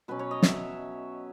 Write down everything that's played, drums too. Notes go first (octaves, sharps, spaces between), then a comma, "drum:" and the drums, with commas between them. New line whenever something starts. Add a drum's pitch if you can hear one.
B2 F#3 C#4 B4
C#5
D#5
E5, drum: snare